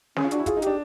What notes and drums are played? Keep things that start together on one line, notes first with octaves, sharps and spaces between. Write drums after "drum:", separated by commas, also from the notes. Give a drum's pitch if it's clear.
C#4 G#4, drum: snare
F4
D4 F#4, drum: hi-hat
E4
F4 G#4, drum: kick, hi-hat
D#4
D4 G4, drum: hi-hat